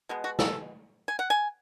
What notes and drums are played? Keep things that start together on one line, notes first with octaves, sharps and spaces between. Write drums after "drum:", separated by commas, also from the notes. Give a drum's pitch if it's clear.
B2 G#3 B3
F#4
A4, drum: snare
G#5
F#5
G#5